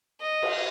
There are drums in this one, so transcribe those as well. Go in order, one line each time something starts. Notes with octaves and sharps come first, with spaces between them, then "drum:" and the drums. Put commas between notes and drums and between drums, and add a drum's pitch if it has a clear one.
D#5
drum: cymbal